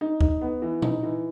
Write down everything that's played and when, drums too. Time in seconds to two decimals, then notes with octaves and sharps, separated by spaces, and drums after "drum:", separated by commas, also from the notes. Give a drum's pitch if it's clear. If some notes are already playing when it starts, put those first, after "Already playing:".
0.01 D#4
0.21 D#4, drum: kick C#2
0.41 B3
0.62 E3
0.82 D#4, drum: tom A#2
1.03 E3